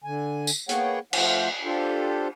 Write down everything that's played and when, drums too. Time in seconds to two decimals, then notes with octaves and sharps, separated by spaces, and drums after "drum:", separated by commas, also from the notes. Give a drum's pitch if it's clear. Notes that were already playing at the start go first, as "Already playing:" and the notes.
0.04 D3 G#5
0.47 drum: tambourine
0.69 A#3 B3 G#4 C#5 F#5 G5, drum: hi-hat
1.13 F3 A3 C5 F5 F#5, drum: cymbal
1.64 D4 F4 G4 A4 C5